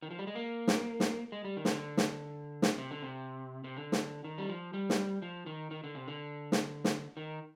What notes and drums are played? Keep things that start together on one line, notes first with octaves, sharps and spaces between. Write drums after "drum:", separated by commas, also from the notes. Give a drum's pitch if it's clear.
D#3
F3
G3
G#3
A#3
drum: snare
drum: snare
G#3
G3
D#3
C3, drum: snare
D3
drum: snare
drum: snare
C3
D3
C3
C3
D3
drum: snare
D#3
G3
F3
G3
drum: snare
F3
D#3
D#3
D3
C3
D3
drum: snare
drum: snare
D#3